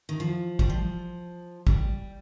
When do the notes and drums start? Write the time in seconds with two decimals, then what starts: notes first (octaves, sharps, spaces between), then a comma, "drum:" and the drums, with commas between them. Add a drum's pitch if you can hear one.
0.09 D#3
0.20 F3
0.59 G3, drum: kick
0.70 F3
1.67 G3, drum: kick